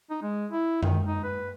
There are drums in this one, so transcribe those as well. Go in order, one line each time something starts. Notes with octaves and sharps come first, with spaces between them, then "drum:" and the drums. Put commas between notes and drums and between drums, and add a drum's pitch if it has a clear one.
D#4
G#3
E4
D#3, drum: tom F#2
D#4
B4